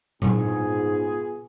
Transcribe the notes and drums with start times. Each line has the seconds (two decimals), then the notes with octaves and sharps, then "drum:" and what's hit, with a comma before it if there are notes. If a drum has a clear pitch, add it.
0.22 G#2 B3 F4 G#4, drum: tom A#2